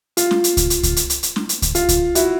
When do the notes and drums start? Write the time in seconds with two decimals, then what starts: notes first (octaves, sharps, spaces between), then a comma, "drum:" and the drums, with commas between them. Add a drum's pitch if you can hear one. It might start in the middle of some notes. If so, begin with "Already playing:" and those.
0.17 F4, drum: hi-hat
0.31 drum: snare
0.44 drum: hi-hat
0.57 drum: kick C#2, hi-hat
0.70 drum: hi-hat
0.83 drum: kick C#2, hi-hat
0.96 drum: hi-hat
1.10 drum: hi-hat
1.23 drum: hi-hat
1.36 drum: snare
1.49 drum: hi-hat
1.62 drum: kick C#2, hi-hat
1.75 F4, drum: hi-hat
1.89 drum: kick C#2, hi-hat
2.15 E4 F#4, drum: hi-hat